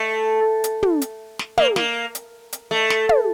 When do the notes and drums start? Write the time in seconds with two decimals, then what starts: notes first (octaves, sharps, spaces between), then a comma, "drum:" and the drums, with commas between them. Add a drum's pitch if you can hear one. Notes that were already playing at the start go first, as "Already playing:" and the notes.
Already playing: A3
0.64 drum: hi-hat
0.83 drum: tom
1.02 drum: hi-hat
1.39 drum: snare
1.58 A#3, drum: tom
1.76 A#3, drum: snare
2.15 drum: hi-hat
2.53 drum: hi-hat
2.71 A3
2.90 drum: snare
3.09 drum: tom